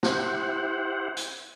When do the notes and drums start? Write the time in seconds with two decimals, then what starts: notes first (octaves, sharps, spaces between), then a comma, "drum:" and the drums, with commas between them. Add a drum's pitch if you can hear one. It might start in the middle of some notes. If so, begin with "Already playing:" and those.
0.03 E4 G4 C5 F#5, drum: snare
1.17 drum: hi-hat